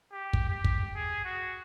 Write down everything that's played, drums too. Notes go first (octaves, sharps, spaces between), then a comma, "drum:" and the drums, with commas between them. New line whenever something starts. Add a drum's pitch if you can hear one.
G4
drum: kick
G4
drum: kick
G#4
F#4